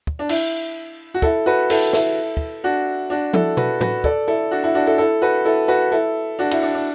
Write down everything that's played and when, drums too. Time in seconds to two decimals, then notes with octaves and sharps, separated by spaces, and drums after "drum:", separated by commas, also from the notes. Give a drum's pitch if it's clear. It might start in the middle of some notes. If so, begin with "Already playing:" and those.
0.07 drum: kick
0.19 D4
0.29 E4, drum: cymbal
1.14 F#4
1.22 E4 A4, drum: kick
1.46 F#4 B4
1.70 E4 A4, drum: cymbal
1.93 E4 A4, drum: snare
2.37 drum: kick
2.64 D4 F#4
3.10 D4 F#4
3.34 E4 A4, drum: tom F3
3.57 F#4 B4, drum: tom B2
3.81 F#4 B4, drum: tom
4.04 A4 D5, drum: kick
4.28 E4 A4
4.51 D4 F#4
4.64 E4
4.75 D4 F#4
4.86 E4 A4
4.98 E4 A4
5.22 F#4 B4
5.45 E4 A4
5.68 F#4 B4
5.92 E4 A4
6.39 D4 F#4
6.51 E4, drum: cymbal
6.63 D4
6.74 D4